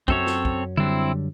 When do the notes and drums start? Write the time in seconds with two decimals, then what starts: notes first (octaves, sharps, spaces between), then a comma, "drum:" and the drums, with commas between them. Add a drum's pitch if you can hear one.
0.08 F#2 C4 C#4 A4 C#5, drum: kick
0.27 drum: snare
0.45 drum: kick
0.77 D3 G3 C4 E4